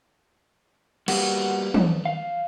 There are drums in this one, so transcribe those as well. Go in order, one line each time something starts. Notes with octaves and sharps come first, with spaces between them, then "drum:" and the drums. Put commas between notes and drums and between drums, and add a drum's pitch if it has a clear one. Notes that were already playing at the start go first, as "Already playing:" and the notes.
G3 A#3 B3 F#4, drum: cymbal
drum: tom
F5